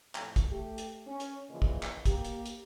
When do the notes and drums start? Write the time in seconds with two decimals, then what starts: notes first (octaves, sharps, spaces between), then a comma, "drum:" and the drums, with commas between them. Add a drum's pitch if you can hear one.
0.15 F2 A2, drum: clap
0.36 drum: kick, hi-hat
0.50 A3 G4
0.78 drum: hi-hat
1.07 C#4
1.20 drum: hi-hat
1.49 A#2 C#3 E3 F3 G#4 D#5
1.62 drum: kick
1.83 drum: clap
2.06 A#3 G4, drum: kick, hi-hat
2.25 drum: hi-hat
2.46 drum: hi-hat